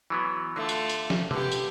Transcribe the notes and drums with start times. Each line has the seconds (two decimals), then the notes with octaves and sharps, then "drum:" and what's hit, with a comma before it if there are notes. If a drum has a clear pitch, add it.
0.10 E3 F#3 B3
0.56 D3 A3 F4
0.69 drum: tambourine
0.89 drum: tambourine
1.10 drum: snare F3
1.31 D3 B3 G4, drum: tom
1.52 drum: tambourine